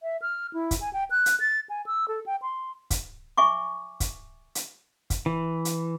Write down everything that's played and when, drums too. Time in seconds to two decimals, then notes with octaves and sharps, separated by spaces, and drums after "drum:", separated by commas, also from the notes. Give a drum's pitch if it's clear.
0.03 E5
0.22 F6
0.54 E4
0.71 drum: kick, hi-hat
0.81 G#5
0.93 G5
1.11 F#6
1.26 drum: hi-hat
1.40 A6
1.70 G#5
1.86 E6
2.08 A4
2.26 G5
2.42 C6
2.90 drum: kick, hi-hat
3.37 E5 G#5 C#6 D6
4.00 drum: kick, hi-hat
4.55 drum: hi-hat
5.10 drum: kick, hi-hat
5.26 E3
5.65 drum: hi-hat